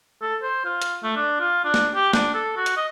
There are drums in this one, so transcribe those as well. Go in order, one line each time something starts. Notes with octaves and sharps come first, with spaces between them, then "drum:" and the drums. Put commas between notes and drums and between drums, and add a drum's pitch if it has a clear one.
A4
C5
F4
drum: hi-hat
A3
D4
F4
D4
drum: snare
G4
D4, drum: snare
A4
F#4
drum: hi-hat
D#5